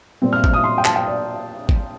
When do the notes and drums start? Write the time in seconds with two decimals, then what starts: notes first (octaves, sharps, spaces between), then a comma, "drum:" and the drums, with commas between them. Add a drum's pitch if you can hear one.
0.22 A#2 G3 C4
0.33 F6
0.44 F6, drum: kick G#1
0.54 D#6
0.64 C6
0.78 G5
0.85 A5, drum: clap
0.96 G5
1.06 D5
1.69 drum: kick G#1